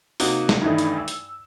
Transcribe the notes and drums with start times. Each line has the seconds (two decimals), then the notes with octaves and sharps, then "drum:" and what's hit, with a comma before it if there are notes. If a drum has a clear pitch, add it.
0.20 C3 A#3 D#4 F#4, drum: open hi-hat
0.49 drum: snare
0.62 G2 D#3 E3 A3 D#4
0.78 drum: hi-hat
0.98 E6
1.08 drum: hi-hat